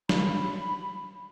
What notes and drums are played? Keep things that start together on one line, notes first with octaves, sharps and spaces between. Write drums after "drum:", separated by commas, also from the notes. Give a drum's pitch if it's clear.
B5, drum: snare